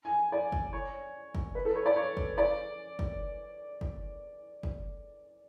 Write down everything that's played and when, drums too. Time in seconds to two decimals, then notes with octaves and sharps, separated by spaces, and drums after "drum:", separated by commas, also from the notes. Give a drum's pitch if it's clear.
0.05 G#5
0.32 D5
0.52 drum: kick
0.73 C#5
1.35 drum: kick
1.55 B4
1.65 A4
1.75 C#5
1.86 D5
1.96 C#5
2.17 drum: kick
2.38 D5
2.99 drum: kick
3.81 drum: kick
4.63 drum: kick